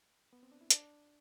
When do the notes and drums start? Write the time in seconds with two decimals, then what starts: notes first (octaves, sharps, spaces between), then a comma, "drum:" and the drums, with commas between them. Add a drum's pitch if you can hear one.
0.33 B3
0.43 C4
0.52 D4
0.61 E4
0.70 D4, drum: hi-hat